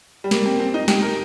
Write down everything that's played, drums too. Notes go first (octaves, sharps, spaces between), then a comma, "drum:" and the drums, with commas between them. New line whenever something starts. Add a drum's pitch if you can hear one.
G3
A#3, drum: snare
C4
C4
D#4
G4, drum: snare
A#4